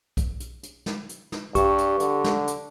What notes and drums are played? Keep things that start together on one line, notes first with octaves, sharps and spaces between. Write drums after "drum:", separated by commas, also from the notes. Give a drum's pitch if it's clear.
drum: kick B1, hi-hat
drum: hi-hat
drum: hi-hat
drum: snare
drum: hi-hat
drum: snare
G2 G4 C#6, drum: kick B1, hi-hat
drum: hi-hat
D3, drum: hi-hat
drum: snare
drum: hi-hat